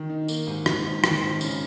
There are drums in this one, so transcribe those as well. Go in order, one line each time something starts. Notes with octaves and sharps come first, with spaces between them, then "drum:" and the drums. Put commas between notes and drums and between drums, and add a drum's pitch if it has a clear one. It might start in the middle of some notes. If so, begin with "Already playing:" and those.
Already playing: D#3
D#4
A#3, drum: tambourine
G#2
G#2, drum: rim click
G#1
D#3, drum: rim click
G#1
C#3, drum: tambourine